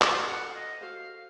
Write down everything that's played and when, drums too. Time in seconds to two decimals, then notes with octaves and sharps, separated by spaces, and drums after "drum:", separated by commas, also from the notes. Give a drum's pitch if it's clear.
0.02 F#4 A4 C5 A5, drum: clap
0.29 F#5
0.49 F5
0.55 D#5
0.81 F#4 A4 C5 F5
1.01 F5